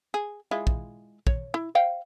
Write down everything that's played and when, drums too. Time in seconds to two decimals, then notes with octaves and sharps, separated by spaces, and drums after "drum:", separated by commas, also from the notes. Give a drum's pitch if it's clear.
0.14 G#4
0.51 G#3 E4 F4
0.67 drum: kick
1.27 C#5, drum: kick
1.54 E4
1.75 C5 F5 G5